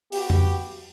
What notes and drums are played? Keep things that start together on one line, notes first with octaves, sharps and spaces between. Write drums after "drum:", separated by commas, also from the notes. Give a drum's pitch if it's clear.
B3 F#4 G4, drum: open hi-hat
drum: tom F2